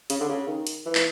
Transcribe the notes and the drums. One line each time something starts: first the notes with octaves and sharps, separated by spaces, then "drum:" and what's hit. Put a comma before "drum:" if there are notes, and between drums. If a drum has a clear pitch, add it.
C#3, drum: hi-hat
D3
C#3
D#3
drum: hi-hat
E3
drum: clap